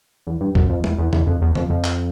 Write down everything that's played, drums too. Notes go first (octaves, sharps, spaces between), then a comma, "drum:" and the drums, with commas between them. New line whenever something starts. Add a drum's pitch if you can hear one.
E2
G2
F#2, drum: kick
F2
E2, drum: tom G#3
E2
E2, drum: tom C#3
F2
E2
F2, drum: tom C#3
F2
drum: clap